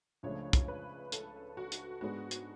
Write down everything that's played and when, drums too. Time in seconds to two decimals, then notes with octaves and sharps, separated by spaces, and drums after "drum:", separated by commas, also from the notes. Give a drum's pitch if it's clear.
0.23 C#2 C#3 F3 A3 D4 C#5
0.53 drum: kick, hi-hat
0.68 B4
1.12 A4, drum: hi-hat
1.57 F#4
1.72 drum: hi-hat
2.01 G#2 G#3 B3 D4 F#4
2.31 drum: hi-hat